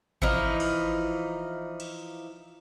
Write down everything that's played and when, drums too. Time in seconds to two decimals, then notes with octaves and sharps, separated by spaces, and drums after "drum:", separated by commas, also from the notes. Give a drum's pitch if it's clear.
0.22 E3 F3 D#4, drum: kick G#1
0.60 drum: cymbal
1.80 drum: cymbal